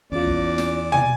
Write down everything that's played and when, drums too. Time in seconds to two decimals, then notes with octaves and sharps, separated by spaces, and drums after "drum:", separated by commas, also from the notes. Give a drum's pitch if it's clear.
0.12 E2 C#4 F4 D5
0.27 drum: kick
0.58 drum: snare
0.92 G#5, drum: tom